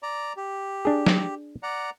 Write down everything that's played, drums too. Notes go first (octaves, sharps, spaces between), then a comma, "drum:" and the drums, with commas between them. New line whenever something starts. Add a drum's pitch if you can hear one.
D5 A#5
G4
D4 G#4
drum: snare F#3
D5 F#5 A#5